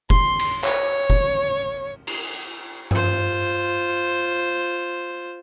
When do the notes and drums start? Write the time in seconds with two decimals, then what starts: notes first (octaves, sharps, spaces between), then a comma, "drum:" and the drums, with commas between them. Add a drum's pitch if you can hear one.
0.10 C6, drum: kick F1
0.39 drum: cymbal
0.64 C#5, drum: clap
1.10 drum: kick F1
2.07 drum: cymbal
2.34 drum: hi-hat
2.91 F4 C5, drum: tom G2